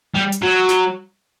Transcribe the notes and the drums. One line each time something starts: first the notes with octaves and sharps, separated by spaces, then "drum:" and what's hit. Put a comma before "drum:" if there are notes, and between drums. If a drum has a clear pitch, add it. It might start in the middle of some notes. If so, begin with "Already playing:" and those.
G3
drum: hi-hat
F#3
drum: snare